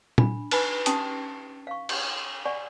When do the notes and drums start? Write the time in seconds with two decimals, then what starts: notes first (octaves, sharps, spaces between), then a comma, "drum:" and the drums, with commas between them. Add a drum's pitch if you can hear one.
0.18 D4 B5, drum: tom
0.51 D#4 B4 G#5 B5, drum: cymbal
0.86 C#4 D#4 G4 G5 A5 D#6, drum: hi-hat
1.67 F5 C#6
1.89 drum: cymbal
2.46 D5 F#5 G#5 C#6